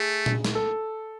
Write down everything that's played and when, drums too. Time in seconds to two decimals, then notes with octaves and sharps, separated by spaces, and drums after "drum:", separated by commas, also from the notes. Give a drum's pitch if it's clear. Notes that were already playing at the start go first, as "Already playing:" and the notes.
Already playing: A3 G#4
0.26 drum: tom A#2
0.45 drum: snare
0.55 A4